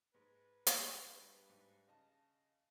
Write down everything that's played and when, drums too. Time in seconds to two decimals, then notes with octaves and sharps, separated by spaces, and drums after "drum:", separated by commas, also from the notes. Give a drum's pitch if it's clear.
0.14 G#2 G#3 B4
0.67 drum: hi-hat
0.88 G2
1.49 G#2
1.87 C#3 D#5 A5